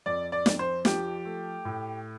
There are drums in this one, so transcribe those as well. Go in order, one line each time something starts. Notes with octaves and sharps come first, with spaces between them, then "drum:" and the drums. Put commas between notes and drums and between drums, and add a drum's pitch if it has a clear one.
F2 D5
D5
F2, drum: snare
C5
F3 G4, drum: snare
A3
A2